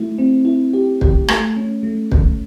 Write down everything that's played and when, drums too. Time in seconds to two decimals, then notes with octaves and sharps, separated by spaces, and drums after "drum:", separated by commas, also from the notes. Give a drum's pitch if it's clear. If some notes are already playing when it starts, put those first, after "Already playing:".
Already playing: A3 E4
0.18 C4
0.45 E4
0.73 G4
1.01 G4, drum: kick
1.28 A3, drum: rim click
1.57 C#4
1.83 A3
2.12 A3, drum: kick